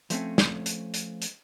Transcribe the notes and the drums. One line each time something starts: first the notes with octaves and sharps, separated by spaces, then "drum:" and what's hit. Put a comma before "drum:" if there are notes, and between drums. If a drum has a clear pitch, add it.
F3 A3 C4 C#4, drum: hi-hat
drum: snare
drum: hi-hat
drum: hi-hat
drum: hi-hat